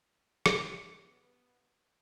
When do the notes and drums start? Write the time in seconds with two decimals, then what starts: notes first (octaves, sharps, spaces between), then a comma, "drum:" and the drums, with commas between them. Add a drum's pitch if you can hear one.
0.46 drum: rim click
0.56 D#3 G4
1.02 B3